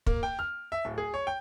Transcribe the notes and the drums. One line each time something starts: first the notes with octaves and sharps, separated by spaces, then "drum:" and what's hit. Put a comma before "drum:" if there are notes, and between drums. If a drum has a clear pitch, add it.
A#3, drum: kick
G5
F6
E5
D1
G#4
C#5
G5